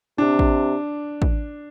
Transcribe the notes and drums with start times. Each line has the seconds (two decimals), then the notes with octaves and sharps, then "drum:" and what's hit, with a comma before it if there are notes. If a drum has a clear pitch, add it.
0.18 C3 D4
0.39 drum: kick
1.22 drum: kick